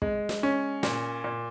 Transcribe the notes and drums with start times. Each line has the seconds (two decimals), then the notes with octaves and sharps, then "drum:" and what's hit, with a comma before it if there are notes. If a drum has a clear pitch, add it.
0.02 G#3, drum: kick
0.29 drum: snare
0.43 C#4
0.83 A#2, drum: snare
1.24 A#2